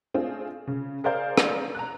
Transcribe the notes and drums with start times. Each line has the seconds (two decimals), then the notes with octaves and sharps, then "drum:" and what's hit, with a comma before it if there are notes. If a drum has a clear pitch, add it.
0.14 A3 C4 D4 F4 G#4
0.67 C#3
1.04 G#4 A#4 C5 D5 F5 G6
1.38 drum: rim click
1.75 A#5 F#6